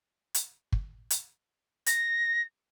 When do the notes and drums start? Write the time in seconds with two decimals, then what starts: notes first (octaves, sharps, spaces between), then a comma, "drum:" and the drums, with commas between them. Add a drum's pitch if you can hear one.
0.34 drum: hi-hat
0.72 drum: kick
1.10 drum: hi-hat
1.86 A#6, drum: hi-hat